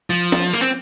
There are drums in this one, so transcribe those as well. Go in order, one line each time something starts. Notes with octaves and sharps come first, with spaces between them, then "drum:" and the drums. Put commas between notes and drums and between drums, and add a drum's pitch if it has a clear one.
F3
drum: snare
A#3
C4